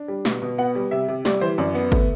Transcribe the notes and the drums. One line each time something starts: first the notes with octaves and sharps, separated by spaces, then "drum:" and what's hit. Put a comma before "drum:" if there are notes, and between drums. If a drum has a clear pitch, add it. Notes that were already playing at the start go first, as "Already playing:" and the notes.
Already playing: D4
G3
B2, drum: snare
B2
B3 F#5
G3
C3 E5
C3
G3 D5, drum: snare
E3 C5
F#2 D5
B3
A3, drum: kick